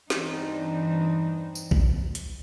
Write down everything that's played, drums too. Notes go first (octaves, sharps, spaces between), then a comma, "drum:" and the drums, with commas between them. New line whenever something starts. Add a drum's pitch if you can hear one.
E2 G2 E3 C4 D4 D#4, drum: snare
drum: tambourine
drum: kick A#1
drum: hi-hat